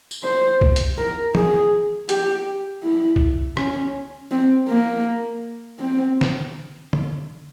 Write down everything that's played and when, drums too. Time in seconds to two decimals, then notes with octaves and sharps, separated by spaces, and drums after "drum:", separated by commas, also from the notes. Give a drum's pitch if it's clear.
0.11 drum: tambourine
0.23 C5
0.61 drum: kick C2
0.76 drum: hi-hat
0.98 A#4
1.35 G#4, drum: tom
2.09 G4, drum: hi-hat
2.83 E4
3.16 drum: kick C2
3.57 C#4, drum: rim click
4.31 C4
4.68 A#3
5.80 C4
6.21 drum: snare
6.93 drum: tom D3